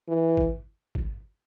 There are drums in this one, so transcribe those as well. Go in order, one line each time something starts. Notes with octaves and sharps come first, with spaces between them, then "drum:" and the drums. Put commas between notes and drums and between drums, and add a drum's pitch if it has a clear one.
E3
drum: kick
drum: kick